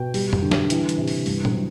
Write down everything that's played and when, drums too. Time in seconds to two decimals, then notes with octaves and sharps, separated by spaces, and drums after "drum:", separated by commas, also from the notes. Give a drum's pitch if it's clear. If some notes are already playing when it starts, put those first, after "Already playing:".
Already playing: B2 G5
0.14 G3, drum: open hi-hat
0.33 drum: tom F2
0.42 D3
0.51 drum: snare
0.70 E3, drum: hi-hat
0.89 drum: hi-hat
0.98 C3
1.08 drum: open hi-hat
1.26 G2, drum: open hi-hat
1.45 drum: tom A#2
1.54 F#3